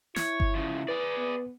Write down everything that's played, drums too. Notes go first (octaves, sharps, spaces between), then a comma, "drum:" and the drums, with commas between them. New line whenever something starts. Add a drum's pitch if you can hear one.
E4 C#5, drum: snare
drum: kick G1
C#3 F3
G#4 B4 D5
B3